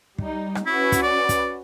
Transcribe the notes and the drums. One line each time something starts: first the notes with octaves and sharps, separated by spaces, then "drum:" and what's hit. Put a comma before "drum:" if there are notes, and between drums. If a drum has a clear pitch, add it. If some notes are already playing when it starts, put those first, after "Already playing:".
G3 D#4, drum: kick
drum: rim click
C#4 E4 F#4 B4
drum: kick, hi-hat
D5
drum: kick, hi-hat